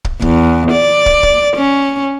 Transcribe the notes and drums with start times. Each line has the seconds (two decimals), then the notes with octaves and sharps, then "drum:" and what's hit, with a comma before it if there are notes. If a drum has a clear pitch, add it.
0.05 drum: kick
0.22 E2, drum: kick
0.72 D5
1.06 drum: kick
1.23 drum: kick
1.57 C#4